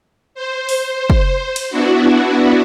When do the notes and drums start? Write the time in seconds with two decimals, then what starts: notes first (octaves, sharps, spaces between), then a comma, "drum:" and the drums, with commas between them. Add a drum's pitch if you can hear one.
0.35 C5
0.69 drum: open hi-hat
1.10 drum: kick
1.56 drum: cymbal
1.70 B3 D4 E4 F#4